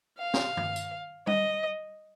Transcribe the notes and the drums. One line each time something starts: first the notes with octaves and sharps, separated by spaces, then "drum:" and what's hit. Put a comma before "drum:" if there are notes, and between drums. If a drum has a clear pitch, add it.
F5
drum: snare
drum: tom G2
drum: tambourine
D#5, drum: tom G3